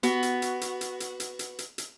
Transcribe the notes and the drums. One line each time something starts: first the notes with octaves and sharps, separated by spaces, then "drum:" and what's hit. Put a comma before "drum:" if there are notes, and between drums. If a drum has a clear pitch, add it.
B3 F#4, drum: hi-hat
drum: hi-hat
drum: hi-hat
drum: hi-hat
drum: hi-hat
drum: hi-hat
drum: hi-hat
drum: hi-hat
drum: hi-hat
drum: hi-hat